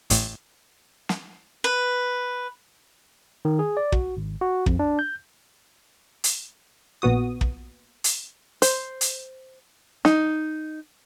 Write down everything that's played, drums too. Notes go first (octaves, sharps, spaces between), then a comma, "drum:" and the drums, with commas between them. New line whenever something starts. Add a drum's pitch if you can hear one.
A1 A2, drum: hi-hat
drum: snare
B4
D#3
G#4
D5
F#4, drum: kick
G#1
F#4
F2, drum: kick
D4
G6
drum: hi-hat
A#1 A#2 B3 F#4 D#6
drum: kick
drum: hi-hat
C5, drum: hi-hat
drum: hi-hat
D#4, drum: snare